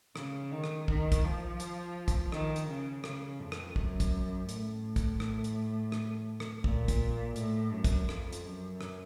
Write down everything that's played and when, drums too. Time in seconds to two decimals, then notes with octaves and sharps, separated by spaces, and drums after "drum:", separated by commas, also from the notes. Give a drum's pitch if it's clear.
0.16 C#3, drum: rim click
0.51 D#3
0.64 drum: rim click
0.88 D#3, drum: kick
1.12 drum: kick, hi-hat
1.24 F3
1.60 drum: hi-hat
2.08 drum: kick, hi-hat
2.32 D#3, drum: rim click
2.56 drum: hi-hat
2.68 C#3
3.04 C#3, drum: rim click
3.40 F2
3.52 drum: rim click
3.76 F#2, drum: kick
4.00 drum: kick, hi-hat
4.49 A2, drum: hi-hat
4.96 drum: kick, hi-hat
5.20 drum: rim click
5.44 drum: hi-hat
5.92 drum: rim click
6.40 drum: rim click
6.64 A#2, drum: kick
6.88 drum: kick, hi-hat
7.36 A2, drum: hi-hat
7.72 F#2
7.84 drum: kick, hi-hat
8.09 F2, drum: rim click
8.33 drum: hi-hat
8.45 F#2
8.81 drum: rim click